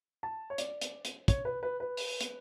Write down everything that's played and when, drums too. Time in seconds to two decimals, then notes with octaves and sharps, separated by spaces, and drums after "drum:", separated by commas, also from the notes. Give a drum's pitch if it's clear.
0.23 A5
0.50 C#5
0.58 D5, drum: hi-hat
0.81 drum: hi-hat
1.05 drum: hi-hat
1.28 C#5, drum: kick, hi-hat
1.45 B4
1.63 B4
1.80 B4
1.97 drum: open hi-hat
2.21 drum: hi-hat